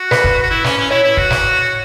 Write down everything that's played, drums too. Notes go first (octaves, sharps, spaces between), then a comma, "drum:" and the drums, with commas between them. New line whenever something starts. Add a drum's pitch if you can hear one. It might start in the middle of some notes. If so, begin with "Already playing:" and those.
Already playing: F#4
B4, drum: snare
drum: kick
F#4
E4
C#4, drum: snare
C#4
E4 C#5
E4
F#4, drum: kick
drum: snare